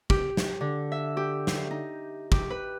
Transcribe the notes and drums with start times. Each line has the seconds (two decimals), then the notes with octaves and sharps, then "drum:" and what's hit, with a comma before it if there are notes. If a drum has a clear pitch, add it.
0.10 G4, drum: kick
0.37 drum: snare
0.61 D3
0.92 E5
1.17 G4
1.47 drum: snare
1.71 D#4
2.32 G4, drum: kick
2.50 B4